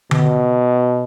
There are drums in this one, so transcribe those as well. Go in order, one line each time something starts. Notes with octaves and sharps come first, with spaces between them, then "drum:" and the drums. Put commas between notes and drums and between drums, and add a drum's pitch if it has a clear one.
B2, drum: tom D3